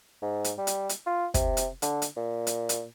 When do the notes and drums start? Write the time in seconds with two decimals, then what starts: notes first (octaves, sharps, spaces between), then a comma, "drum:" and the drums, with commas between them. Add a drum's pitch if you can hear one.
0.22 G#2
0.44 drum: hi-hat
0.58 G3
0.67 drum: hi-hat
0.89 drum: hi-hat
1.07 F4
1.34 C3, drum: kick, hi-hat
1.57 drum: hi-hat
1.82 D3, drum: hi-hat
2.02 drum: hi-hat
2.16 A#2
2.47 drum: hi-hat
2.69 drum: hi-hat